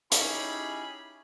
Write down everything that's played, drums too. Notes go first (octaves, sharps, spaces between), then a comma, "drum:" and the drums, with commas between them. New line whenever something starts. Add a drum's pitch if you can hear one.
C#4 D#4 E4 G4 G#4 B5, drum: hi-hat